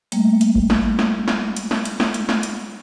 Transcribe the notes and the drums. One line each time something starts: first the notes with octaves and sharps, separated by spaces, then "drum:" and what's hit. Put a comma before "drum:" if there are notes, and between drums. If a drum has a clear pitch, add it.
G3 A3 A#3, drum: hi-hat
drum: hi-hat
drum: kick G#1
drum: snare
drum: snare
drum: snare
drum: hi-hat
drum: snare
drum: hi-hat
drum: snare
drum: hi-hat
drum: snare
drum: hi-hat